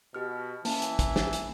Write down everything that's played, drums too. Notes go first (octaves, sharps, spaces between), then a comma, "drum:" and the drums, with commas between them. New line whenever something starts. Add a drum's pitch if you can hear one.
B2 G4 F6
E3 A#3 C#4 A5, drum: open hi-hat
drum: hi-hat
drum: kick, hi-hat
drum: snare
drum: hi-hat